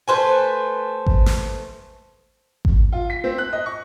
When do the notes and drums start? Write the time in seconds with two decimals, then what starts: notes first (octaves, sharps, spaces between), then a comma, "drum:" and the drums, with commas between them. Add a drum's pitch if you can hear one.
0.08 A3 B4 C5 G#5
1.06 drum: kick G#1
1.26 drum: snare
2.65 drum: kick G#1
2.92 F4
3.10 B6
3.24 C4
3.38 F#6
3.53 D#5
3.66 C#6